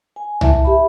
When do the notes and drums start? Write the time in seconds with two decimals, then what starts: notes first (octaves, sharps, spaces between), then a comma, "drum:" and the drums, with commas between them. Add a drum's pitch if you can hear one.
0.16 G#5
0.41 E4 E5 A5, drum: tom C2
0.64 G4 E5 B5